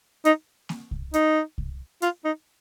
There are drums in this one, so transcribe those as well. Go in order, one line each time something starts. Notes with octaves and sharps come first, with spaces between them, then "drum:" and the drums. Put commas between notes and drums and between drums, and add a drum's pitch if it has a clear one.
D#4, drum: hi-hat
drum: snare A#3
drum: kick C2
D#4, drum: hi-hat
drum: kick C2
F4, drum: hi-hat
D#4